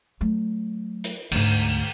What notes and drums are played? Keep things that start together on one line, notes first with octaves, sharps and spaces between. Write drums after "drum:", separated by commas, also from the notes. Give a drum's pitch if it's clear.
F#3 A3
drum: hi-hat
D2 G#2, drum: cymbal